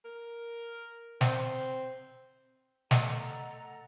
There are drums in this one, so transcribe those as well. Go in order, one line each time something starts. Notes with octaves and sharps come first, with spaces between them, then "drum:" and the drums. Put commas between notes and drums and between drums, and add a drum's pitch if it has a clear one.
A#4
C4, drum: snare
A3 A4 D#5 F#5 A#5, drum: snare